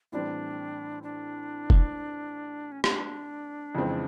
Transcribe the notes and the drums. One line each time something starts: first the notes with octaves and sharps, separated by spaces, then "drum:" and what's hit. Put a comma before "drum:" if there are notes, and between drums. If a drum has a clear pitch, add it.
A2 E3 G3 C4 D4
D4
drum: kick F1
C#4
D4, drum: rim click
F2 C#3 E3 G#3 C4